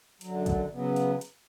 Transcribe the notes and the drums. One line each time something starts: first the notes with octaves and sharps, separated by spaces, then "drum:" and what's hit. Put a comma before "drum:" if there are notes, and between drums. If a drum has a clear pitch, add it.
F#2 D3 F#3, drum: hi-hat
drum: kick, hi-hat
C#3 F#3 B3
drum: hi-hat
drum: hi-hat